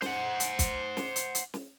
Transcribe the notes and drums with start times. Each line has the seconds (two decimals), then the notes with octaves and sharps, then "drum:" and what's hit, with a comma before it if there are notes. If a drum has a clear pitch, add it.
0.02 C5 F#5, drum: snare
0.40 drum: hi-hat
0.59 drum: kick, hi-hat
0.97 drum: snare
1.16 drum: hi-hat
1.35 drum: hi-hat
1.54 drum: snare